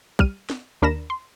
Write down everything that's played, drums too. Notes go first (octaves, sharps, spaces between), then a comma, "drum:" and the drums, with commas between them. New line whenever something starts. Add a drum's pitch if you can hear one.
G3 F6 D#7, drum: kick
drum: snare
D#2 D4 A#4 B5 A#6 E7
C6